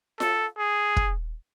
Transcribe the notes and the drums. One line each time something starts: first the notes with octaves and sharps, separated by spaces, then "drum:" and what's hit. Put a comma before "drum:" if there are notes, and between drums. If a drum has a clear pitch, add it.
A4, drum: snare F4
G#4
drum: kick